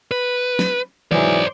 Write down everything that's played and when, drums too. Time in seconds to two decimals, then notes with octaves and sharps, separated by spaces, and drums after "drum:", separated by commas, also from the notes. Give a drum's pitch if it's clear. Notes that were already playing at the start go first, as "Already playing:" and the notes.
0.11 B4
0.59 drum: snare
1.12 G#2 E3 F#3 C5 D5, drum: tom D#3